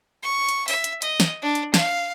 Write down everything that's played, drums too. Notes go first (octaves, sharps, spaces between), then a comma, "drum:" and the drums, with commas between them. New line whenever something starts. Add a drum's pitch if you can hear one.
C#6
drum: hi-hat
E5, drum: open hi-hat
drum: hi-hat
D#5, drum: hi-hat
drum: snare
D4
drum: hi-hat
F5, drum: snare